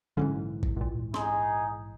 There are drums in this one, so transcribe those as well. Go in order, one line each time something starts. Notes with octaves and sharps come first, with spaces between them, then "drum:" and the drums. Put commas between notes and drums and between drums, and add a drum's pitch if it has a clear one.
A#1 G#2 D3 E3 F#3 C#4
drum: kick
C#2 A#2
D#4 G#4 C6, drum: snare